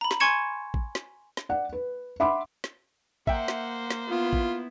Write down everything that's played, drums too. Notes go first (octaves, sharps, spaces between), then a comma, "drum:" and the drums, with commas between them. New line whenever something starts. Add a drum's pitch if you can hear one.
A#5 B5
drum: snare
G#5 C6 C#6 G#6 C#7 E7
drum: kick A1
drum: snare
drum: snare
D5 F#5
B4
E5 F#5 B5 C6 D6
drum: snare
A#3 C5 E5 F#5 G5, drum: kick A1
drum: snare
drum: snare
B3 E4 F4
drum: kick A1